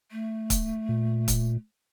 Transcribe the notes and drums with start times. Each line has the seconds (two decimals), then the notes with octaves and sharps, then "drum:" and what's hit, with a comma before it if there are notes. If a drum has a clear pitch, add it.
0.12 A3
0.50 drum: kick, hi-hat
0.89 A#2
1.28 drum: kick, hi-hat